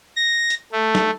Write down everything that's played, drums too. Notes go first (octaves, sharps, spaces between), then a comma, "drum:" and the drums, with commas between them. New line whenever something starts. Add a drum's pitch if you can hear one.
A#6
drum: hi-hat
A3
drum: snare